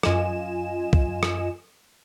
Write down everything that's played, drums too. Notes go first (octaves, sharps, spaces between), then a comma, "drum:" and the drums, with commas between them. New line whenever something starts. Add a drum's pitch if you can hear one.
F#2 F4 D#5 G#5 E7, drum: rim click
drum: kick
drum: rim click